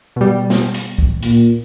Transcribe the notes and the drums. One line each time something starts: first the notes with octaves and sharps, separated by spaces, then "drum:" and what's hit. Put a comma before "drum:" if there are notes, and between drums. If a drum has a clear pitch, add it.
B2 G3
drum: snare
drum: hi-hat
drum: kick
A#2, drum: hi-hat